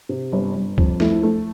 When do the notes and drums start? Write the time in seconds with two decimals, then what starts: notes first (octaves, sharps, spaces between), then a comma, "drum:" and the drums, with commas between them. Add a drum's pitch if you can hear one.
0.09 C3
0.32 G1
0.55 G1
0.78 F2, drum: kick D2
1.00 A3 E4, drum: snare
1.23 A3